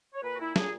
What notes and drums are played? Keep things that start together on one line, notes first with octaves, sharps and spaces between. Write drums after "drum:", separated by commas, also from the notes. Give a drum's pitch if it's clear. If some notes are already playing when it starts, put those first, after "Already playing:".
C#5
A#2 B4
F#4
E4
A#2 G#4, drum: snare